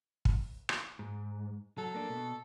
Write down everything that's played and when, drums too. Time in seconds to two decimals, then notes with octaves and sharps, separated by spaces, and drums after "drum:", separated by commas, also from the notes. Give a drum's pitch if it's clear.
0.25 drum: kick
0.69 drum: rim click
0.99 G#2
1.78 F#3 A4
1.94 A#3 D4
2.10 B2